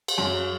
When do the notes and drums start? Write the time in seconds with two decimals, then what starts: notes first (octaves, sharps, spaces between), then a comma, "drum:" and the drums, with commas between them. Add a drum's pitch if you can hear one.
0.08 drum: cymbal
0.18 F#2